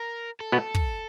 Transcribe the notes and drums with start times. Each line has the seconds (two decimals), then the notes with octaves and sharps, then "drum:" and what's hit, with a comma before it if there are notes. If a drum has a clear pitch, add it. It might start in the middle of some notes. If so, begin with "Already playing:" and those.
Already playing: A#4
0.40 A4
0.52 B2 B3
0.75 drum: kick